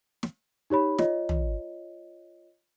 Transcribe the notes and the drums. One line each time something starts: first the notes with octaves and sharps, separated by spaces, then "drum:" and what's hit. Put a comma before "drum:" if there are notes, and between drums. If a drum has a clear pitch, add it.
drum: snare
D#4 G4 C#5 B5
F4 C#5 D#5, drum: snare
drum: tom